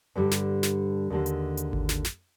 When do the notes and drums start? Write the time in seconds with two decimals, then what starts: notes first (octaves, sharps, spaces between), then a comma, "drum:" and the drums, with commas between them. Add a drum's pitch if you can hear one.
0.15 G2 D3 G3
0.31 drum: snare
0.63 drum: snare
1.10 D#2 D3 G#3
1.26 drum: hi-hat
1.57 drum: hi-hat
1.73 drum: kick G#1
1.89 drum: snare
2.05 drum: snare